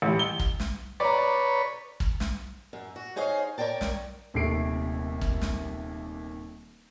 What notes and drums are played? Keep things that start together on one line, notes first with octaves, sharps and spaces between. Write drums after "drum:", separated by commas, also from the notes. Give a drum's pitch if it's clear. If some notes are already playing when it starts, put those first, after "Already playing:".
A1 G3
G7
drum: kick
drum: snare
B4 C#5 D5 A#5
drum: kick
drum: snare
F#2
F#4
D#4 G#4 C5 C#5 D#5 F5
A#4 C#5 D5 G5 A5
drum: snare
D#1 D#2 C3 A3 C7 D7
drum: kick
drum: snare